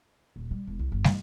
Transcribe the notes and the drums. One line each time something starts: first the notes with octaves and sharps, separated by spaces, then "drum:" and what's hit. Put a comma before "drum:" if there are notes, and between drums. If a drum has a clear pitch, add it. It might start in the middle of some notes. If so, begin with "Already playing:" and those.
D#1
G3
E1
C2
G1
E3, drum: snare